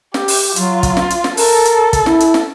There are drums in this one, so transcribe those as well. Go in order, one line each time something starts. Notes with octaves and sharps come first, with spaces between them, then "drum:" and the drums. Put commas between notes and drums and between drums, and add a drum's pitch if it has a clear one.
G4, drum: snare
drum: open hi-hat
F#3 F4, drum: hi-hat
drum: kick, hi-hat
drum: snare
drum: hi-hat
drum: snare
A4 A#4, drum: open hi-hat
drum: hi-hat
drum: kick, hi-hat
E4, drum: snare
drum: hi-hat
drum: snare